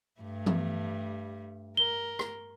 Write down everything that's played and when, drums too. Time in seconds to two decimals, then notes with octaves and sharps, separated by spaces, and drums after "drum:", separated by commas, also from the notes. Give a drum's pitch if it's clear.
0.21 G2 G3 A3
0.46 drum: tom E3
1.77 A#4 G7
2.19 drum: rim click